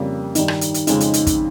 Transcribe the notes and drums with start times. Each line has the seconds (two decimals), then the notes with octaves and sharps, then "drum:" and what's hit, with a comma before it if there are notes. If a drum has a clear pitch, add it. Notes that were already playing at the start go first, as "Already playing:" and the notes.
Already playing: F2 C#3 G3 A#3
0.35 G2 D#3 G3 D#4, drum: hi-hat
0.48 drum: rim click
0.61 drum: hi-hat
0.74 drum: hi-hat
0.87 F2 C#3 G#3 C4 D#4, drum: hi-hat
1.00 drum: hi-hat
1.14 drum: hi-hat
1.27 drum: kick, hi-hat